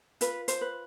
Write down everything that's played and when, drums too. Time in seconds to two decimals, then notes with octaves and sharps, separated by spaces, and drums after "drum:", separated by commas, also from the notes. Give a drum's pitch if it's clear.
0.21 F4 B4, drum: hi-hat
0.48 C5, drum: hi-hat
0.61 B4